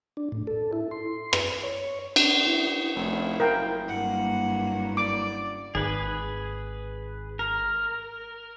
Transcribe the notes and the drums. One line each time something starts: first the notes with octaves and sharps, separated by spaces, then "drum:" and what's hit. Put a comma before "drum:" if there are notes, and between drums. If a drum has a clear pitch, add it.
D4
A2
A4
E4
C6
B4, drum: rim click
C#5
D4, drum: cymbal
E4
F1 E4 F4
F#1 A#4 F5 G5
G2 A#3 F#5
D5 D6
G#1 G#4 B4
A#4